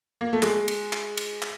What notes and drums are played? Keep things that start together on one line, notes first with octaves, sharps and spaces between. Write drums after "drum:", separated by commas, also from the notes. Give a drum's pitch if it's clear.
A#3
A3
G#3, drum: clap
drum: cymbal
drum: clap
drum: cymbal
drum: clap